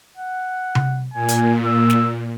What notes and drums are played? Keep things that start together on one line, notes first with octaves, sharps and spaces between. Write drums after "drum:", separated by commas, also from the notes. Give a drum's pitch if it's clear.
F#5
drum: tom C3
A#2 G#5
drum: hi-hat
E6
drum: snare